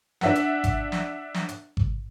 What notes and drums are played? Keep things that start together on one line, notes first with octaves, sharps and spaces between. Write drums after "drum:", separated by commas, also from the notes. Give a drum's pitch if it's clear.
D4 E5 F#5, drum: snare
drum: hi-hat
drum: kick G#1, hi-hat
drum: snare
drum: snare
drum: hi-hat
drum: kick G#1